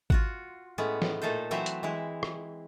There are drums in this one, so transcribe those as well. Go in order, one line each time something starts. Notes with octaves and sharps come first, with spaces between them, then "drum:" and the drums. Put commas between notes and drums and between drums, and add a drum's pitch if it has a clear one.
F4 F#4 F#5, drum: kick G#1
A2 G#3 B3 C#4
drum: snare
A#2 A3 D#4 A4 C5
E3 F#3 C4 C5 E5
drum: hi-hat
E3 G#3 E4
drum: rim click